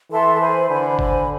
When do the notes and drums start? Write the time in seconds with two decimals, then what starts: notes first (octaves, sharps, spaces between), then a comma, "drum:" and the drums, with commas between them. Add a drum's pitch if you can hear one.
0.11 E3 A4 E5 A5 C6
0.40 C5 G#5 B5
0.69 D3 C5 G#5 B5
0.99 C5 G#5 B5, drum: kick